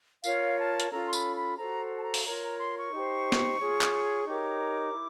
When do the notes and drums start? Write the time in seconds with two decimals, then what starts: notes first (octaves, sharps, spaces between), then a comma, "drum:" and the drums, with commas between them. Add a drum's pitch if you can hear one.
0.24 F4 A#4 C#5 F5, drum: tambourine
0.58 A5
0.80 drum: hi-hat
0.91 C#4 F4 A4 A#5
1.09 C6
1.13 B5, drum: tambourine
1.36 B5
1.58 F#4 A4 C5 A#5
1.98 A5
2.02 A#5
2.14 drum: open hi-hat
2.25 F4 A#4 C#5 A#5
2.42 A#5
2.58 C6
2.76 C#6
2.93 D#4 G4 C5
3.32 drum: snare
3.59 F4 G#4 C#5
3.81 drum: clap
4.26 D#4 G4 A#4 C#5 D6
4.94 E4